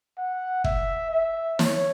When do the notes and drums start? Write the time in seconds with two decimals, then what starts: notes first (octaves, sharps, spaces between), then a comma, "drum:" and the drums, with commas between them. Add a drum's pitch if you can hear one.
0.18 F#5
0.64 E5, drum: kick
1.11 E5
1.59 C#5, drum: snare